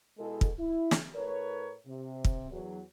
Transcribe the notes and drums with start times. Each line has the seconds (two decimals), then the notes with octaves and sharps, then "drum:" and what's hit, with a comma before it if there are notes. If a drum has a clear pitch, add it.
0.18 B2 G#3 E4 G#4 A4
0.41 drum: kick
0.58 E4
0.91 drum: snare
1.14 A2 A#4 B4 C#5
1.86 C3
2.25 drum: kick
2.51 E2 F#3